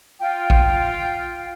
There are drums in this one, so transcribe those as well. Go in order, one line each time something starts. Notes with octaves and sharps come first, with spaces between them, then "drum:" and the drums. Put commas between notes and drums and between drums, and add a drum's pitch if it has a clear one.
F4 G5
drum: kick A#1